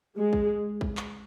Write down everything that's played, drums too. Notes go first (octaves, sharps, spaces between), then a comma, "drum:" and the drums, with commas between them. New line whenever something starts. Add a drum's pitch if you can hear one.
G#3
drum: kick
drum: kick
drum: clap